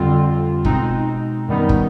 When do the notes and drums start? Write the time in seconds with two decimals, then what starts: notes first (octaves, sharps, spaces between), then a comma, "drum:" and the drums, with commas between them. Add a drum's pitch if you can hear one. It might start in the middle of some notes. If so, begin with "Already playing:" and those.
Already playing: F2 D3 G3 C4 F4
0.65 B2 G#3 C4 D#4, drum: kick
1.48 F#2 D#3 G3 B3 D#4
1.69 drum: kick